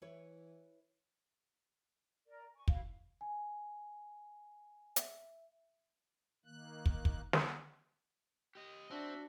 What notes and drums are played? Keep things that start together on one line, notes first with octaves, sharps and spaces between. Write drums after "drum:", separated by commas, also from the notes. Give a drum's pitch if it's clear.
E3 E4 B4 C#5
A#4 D5
G#5 C#6
E4 F#4 F5, drum: kick
G#5
E5, drum: hi-hat
D#3 A#3 F#6
drum: kick
drum: kick
drum: snare
G4 D#5
C4 D4 F#4 E5